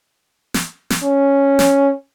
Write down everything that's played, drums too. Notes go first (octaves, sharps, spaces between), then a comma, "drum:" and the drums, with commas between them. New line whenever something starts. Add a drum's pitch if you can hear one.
drum: snare
drum: snare
C#4
drum: snare